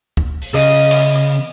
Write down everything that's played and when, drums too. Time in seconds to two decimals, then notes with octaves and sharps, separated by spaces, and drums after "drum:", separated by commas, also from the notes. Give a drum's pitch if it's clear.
0.17 drum: kick
0.42 drum: open hi-hat
0.54 C#3 D#5
0.91 drum: cymbal